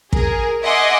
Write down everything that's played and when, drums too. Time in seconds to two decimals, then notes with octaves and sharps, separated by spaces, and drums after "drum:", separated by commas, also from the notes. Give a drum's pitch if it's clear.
0.13 G#4 A#4, drum: kick
0.64 D#5 E5 F#5 G#5 C6 D6